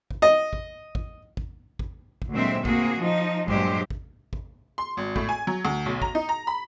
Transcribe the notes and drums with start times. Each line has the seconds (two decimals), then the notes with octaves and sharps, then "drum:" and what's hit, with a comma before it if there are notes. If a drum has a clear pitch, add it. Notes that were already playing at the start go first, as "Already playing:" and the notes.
0.11 drum: kick A1
0.22 D#5
0.53 drum: kick A1
0.95 drum: kick A1
1.37 drum: kick A1
1.79 drum: kick A1
2.22 drum: kick A1
2.31 D2 A#2 F#3 G#3 C4 E5
2.65 A#3 C4 F#4 G#4, drum: kick A1
2.99 F3 D#4
3.48 G2 A#2 F#3 G#3 G4 C5, drum: kick A1
3.90 drum: kick A1
4.33 drum: kick A1
4.78 C6
4.97 G#1
5.16 A2, drum: kick A1
5.29 G#5
5.47 F#3
5.65 D2
5.86 B1
6.02 A#5, drum: kick A1
6.15 D#4
6.29 A#5
6.47 B5